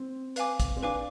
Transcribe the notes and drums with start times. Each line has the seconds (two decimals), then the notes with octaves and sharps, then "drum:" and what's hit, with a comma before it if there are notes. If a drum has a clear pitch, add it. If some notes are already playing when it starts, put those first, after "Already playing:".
Already playing: C4
0.36 B4 F5 G#5 D6, drum: hi-hat
0.60 drum: kick, hi-hat
0.77 C4
0.82 D4 B4 F5 G#5 D6